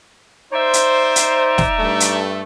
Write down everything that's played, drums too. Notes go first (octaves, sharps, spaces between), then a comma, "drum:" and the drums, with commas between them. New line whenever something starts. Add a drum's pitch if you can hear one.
D#4 C5 D5 E5
drum: hi-hat
drum: hi-hat
drum: snare
G2 A3
drum: hi-hat